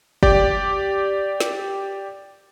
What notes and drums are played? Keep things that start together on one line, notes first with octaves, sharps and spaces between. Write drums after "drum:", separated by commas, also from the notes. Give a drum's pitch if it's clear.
G4 D5 G5, drum: kick F#1
drum: snare